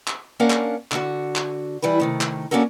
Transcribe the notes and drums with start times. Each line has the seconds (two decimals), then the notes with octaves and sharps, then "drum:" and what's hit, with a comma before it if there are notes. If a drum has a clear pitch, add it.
0.08 drum: clap
0.40 A#3 C#4 D4 A#4 F5 F#5
0.50 drum: clap
0.92 D3 F#4, drum: clap
1.36 drum: clap
1.82 E3 G3 E4 B4
2.00 C3 D#3 A3
2.21 drum: clap
2.51 A#3 C#4 D4 F#4 A4 A#4